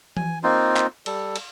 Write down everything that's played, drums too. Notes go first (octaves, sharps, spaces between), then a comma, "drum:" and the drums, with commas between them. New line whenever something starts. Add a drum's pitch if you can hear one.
G#5, drum: tom E3
A#3 C4 D#4 F4
drum: clap
G3 A4, drum: cymbal
drum: cymbal